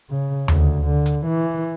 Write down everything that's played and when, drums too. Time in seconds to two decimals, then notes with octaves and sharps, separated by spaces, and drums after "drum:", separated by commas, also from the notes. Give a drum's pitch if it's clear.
0.10 C#3
0.48 D2, drum: tom D#2
0.86 D3
1.06 drum: hi-hat
1.26 E3